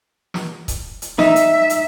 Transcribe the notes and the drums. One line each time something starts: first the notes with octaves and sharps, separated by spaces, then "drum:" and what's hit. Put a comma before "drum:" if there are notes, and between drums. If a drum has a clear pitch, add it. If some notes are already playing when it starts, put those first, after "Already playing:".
drum: snare
drum: kick D#1, hi-hat
drum: hi-hat
D#4 E5, drum: snare
drum: hi-hat
drum: hi-hat